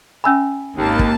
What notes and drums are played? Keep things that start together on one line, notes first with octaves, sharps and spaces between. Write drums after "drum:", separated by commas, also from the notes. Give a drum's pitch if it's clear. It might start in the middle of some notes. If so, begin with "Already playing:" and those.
C#4 E5 G#5 B5 E6
G#1 D#2 A#3 A5
drum: kick